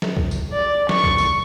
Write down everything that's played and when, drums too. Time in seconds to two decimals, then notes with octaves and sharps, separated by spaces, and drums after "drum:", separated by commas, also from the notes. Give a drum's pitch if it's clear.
0.02 drum: snare F#3
0.17 drum: kick C2
0.31 drum: tambourine
0.53 D5
0.89 C#6, drum: snare F#3
1.04 drum: kick C2
1.18 drum: tambourine